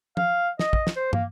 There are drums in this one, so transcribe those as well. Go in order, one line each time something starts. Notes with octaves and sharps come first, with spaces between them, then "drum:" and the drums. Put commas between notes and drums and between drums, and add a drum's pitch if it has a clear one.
F5, drum: tom
D#5, drum: snare
drum: kick
drum: snare
C5
A#3, drum: tom